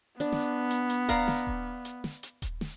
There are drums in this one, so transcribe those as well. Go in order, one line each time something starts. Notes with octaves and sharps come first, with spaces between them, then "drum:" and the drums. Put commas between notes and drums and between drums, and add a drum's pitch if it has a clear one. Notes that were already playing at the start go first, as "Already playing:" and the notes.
B3 D4
drum: snare
drum: hi-hat
drum: hi-hat
D5 F5 A#5, drum: kick D#1, hi-hat
drum: snare
drum: kick D#1
drum: hi-hat
drum: snare
drum: hi-hat
drum: kick D#1, hi-hat
drum: snare